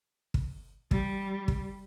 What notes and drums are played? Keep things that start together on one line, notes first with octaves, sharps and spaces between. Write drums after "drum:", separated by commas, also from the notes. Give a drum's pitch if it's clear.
drum: kick
G3, drum: kick
drum: kick